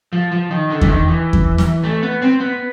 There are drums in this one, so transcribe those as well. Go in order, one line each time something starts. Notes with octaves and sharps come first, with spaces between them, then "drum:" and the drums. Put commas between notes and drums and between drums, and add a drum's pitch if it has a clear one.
F3
F3
D#3
D3
E3, drum: kick E2
D#3
E3
drum: kick E2
drum: snare
A3
B3
C4
B3